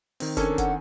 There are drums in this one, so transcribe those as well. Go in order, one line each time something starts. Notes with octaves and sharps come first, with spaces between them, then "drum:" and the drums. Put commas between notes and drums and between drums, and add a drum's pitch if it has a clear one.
D#3 C4, drum: open hi-hat
C#4 D4 A4 A#4 G#5, drum: kick, hi-hat
F#5, drum: kick, hi-hat